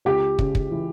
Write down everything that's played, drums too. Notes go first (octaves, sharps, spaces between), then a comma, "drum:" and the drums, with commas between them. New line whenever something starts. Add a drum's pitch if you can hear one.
C#2 G4
C#3, drum: kick
drum: kick
E3